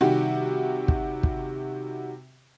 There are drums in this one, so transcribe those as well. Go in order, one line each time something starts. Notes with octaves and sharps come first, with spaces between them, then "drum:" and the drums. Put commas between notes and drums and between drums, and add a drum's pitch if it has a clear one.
C3 D#3 G3 F#4 G4
drum: kick
drum: kick